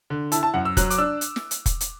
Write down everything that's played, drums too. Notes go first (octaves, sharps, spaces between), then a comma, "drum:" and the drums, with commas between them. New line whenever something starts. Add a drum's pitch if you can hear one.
D3
E4 A5, drum: hi-hat
A5
F#2 F#5
E6
F#3 F#6, drum: kick, hi-hat
D6, drum: hi-hat
D4 E6
drum: hi-hat
drum: snare
drum: hi-hat
drum: kick, hi-hat
drum: hi-hat